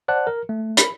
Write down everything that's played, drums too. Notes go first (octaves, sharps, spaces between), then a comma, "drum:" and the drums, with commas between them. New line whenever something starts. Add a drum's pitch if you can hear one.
C5 D5 F#5 A5 F#6
A#4
A3
B5, drum: hi-hat